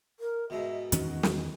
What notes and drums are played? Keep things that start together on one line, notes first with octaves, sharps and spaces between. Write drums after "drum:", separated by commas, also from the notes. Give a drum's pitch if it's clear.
A#4
G#2 B2 E5
E2 D#3 C#4 F#4, drum: hi-hat
drum: snare